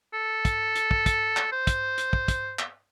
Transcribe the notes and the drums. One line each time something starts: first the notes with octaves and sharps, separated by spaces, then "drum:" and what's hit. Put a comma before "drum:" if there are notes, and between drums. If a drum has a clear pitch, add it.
A4
drum: kick, hi-hat
drum: hi-hat
drum: kick
drum: kick, hi-hat
drum: clap
C5
drum: kick, hi-hat
drum: hi-hat
drum: kick
drum: kick, hi-hat
drum: clap